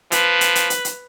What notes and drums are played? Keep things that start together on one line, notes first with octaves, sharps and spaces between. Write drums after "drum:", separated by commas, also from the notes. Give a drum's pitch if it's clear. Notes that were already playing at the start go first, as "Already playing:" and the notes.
F3 B4, drum: hi-hat
drum: hi-hat
drum: hi-hat
drum: hi-hat
drum: hi-hat